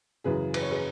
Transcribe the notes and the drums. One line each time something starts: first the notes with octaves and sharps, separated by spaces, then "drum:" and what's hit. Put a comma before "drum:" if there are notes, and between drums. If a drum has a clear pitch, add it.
F#2 C#3 E3 G#4 B4
B4, drum: cymbal
C#5
G#4 B4